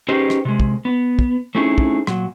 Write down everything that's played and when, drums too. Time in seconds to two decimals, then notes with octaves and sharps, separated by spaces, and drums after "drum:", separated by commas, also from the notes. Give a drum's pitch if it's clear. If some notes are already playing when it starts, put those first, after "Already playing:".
0.08 C#4 D#4 G4 G#4 B4 C5
0.30 drum: rim click
0.45 C3 G#3
0.60 drum: kick
0.85 B3
1.19 drum: kick
1.55 A3 C4 C#4 D#4 E4 G#4
1.78 drum: kick
2.07 A#2 F#3, drum: rim click